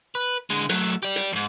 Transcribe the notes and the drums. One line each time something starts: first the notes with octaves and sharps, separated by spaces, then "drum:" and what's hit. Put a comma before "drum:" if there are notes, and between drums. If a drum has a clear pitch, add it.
B4
D3 G#3
F#3 A3, drum: hi-hat
G4 D5
drum: hi-hat
F2 G#2